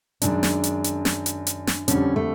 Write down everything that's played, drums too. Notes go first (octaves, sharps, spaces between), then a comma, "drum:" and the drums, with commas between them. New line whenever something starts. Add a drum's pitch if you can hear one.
F#2 D#3 G#3 D4, drum: hi-hat
drum: snare
drum: hi-hat
drum: hi-hat
drum: snare
drum: hi-hat
drum: hi-hat
drum: snare
F2 D3 G3 C#4, drum: hi-hat
A3